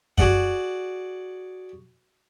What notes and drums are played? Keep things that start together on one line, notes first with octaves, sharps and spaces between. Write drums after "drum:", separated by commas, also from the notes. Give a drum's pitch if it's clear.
F#4 G#4 D5 F#5, drum: kick F#2